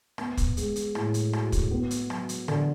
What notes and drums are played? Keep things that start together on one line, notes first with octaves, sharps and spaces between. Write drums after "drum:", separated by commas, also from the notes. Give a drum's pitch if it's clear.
B3, drum: rim click
drum: kick, hi-hat
G#3, drum: hi-hat
drum: hi-hat
A2, drum: rim click
drum: hi-hat
F#4, drum: rim click
drum: kick, hi-hat
B3
drum: hi-hat
F#3, drum: rim click
drum: hi-hat
D3, drum: rim click